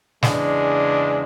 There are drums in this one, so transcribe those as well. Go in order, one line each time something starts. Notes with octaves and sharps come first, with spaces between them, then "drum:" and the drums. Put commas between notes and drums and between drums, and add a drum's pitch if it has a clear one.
E2 C#3 G#3 D4, drum: snare